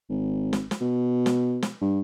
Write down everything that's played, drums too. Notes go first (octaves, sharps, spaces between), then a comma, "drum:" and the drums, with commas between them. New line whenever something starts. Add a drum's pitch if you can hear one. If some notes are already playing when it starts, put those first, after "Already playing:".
G#1
drum: snare
drum: snare
B2
drum: snare
drum: snare
G2